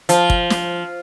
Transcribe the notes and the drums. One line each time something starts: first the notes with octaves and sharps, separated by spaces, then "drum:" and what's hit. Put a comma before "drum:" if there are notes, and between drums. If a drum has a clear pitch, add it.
F3, drum: hi-hat
drum: kick
drum: snare